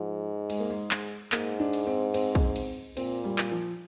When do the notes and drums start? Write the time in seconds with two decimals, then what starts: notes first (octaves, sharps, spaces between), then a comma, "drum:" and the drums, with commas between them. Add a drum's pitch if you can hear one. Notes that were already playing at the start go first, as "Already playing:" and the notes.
Already playing: G#2 F3
0.50 G#3, drum: cymbal
0.60 A#3
0.70 G#3
0.91 drum: clap
1.32 G#2 A#3, drum: clap
1.60 D4
1.73 drum: cymbal
1.87 C4
2.14 C4, drum: cymbal
2.35 drum: kick
2.56 drum: cymbal
2.97 A#2 C4, drum: cymbal
3.24 G3
3.38 drum: clap
3.51 F3